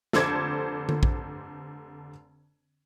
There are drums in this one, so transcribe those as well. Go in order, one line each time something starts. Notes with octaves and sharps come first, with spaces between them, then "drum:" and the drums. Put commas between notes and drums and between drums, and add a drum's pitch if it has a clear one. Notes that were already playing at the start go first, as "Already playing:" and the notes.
F1 D3 A4 C5 D6 G#6, drum: snare
drum: tom D3
drum: kick A#1